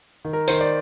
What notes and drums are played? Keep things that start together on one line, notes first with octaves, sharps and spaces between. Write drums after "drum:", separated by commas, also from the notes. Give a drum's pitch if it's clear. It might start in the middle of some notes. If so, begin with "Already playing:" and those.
D#3
A#4
D#3 C5, drum: tambourine
D5